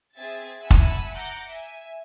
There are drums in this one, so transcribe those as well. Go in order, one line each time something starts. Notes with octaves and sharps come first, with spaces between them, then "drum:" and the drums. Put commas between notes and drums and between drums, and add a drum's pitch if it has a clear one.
C4 G#4 E5 G#6 A6
E5 F#5 G#5 A5 B5 E6
drum: kick
F#5 A#5 D6 G6 A#6
E5 G#5